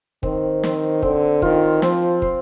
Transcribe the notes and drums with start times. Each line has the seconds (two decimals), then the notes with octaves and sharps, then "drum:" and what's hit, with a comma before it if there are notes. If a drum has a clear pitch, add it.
0.23 D#3 C4, drum: kick
0.63 C4, drum: snare
1.03 D3 C4, drum: kick
1.42 D#3 F4, drum: kick
1.82 F3 C4, drum: snare
2.22 C5, drum: kick